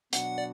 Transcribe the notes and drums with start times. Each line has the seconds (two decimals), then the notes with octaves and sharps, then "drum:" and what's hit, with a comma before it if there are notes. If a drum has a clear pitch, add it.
0.13 B2 F#3 B3 D4 F#4 F#5, drum: hi-hat
0.38 D5